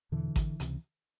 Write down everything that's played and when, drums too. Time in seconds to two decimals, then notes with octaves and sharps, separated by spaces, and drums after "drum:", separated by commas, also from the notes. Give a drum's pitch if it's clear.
0.12 E2 B2 D3 E3
0.36 drum: kick G#1, hi-hat
0.60 C#2 C3, drum: hi-hat